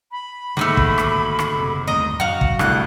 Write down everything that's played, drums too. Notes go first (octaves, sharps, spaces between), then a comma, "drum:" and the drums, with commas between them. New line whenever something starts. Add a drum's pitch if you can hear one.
B5
G#2 D3 D#3 A3 A#3 D#4 F#4
drum: kick
drum: rim click
drum: rim click
F#1 C3
G1 D#2 A2 D#5 A#5
F#2 F#4 F5
drum: kick
C2 A2 D3 F#6, drum: rim click